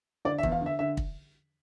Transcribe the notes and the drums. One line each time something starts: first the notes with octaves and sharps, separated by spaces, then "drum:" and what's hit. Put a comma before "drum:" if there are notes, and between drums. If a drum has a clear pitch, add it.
D3 D5
E5
E2, drum: kick
F5
D3 E5
D3 E5
drum: kick